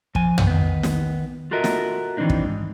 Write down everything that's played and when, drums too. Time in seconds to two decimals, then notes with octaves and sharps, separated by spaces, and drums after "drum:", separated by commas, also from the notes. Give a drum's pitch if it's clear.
0.15 F3 G#5, drum: kick
0.38 drum: tom
0.47 D#3 B3
0.83 drum: snare
1.51 F4 F#4 A4 A#4 D#5 E5
1.64 drum: snare
2.17 D#3 E3 A#3 C4 D4 D#4
2.30 drum: kick
2.44 G#2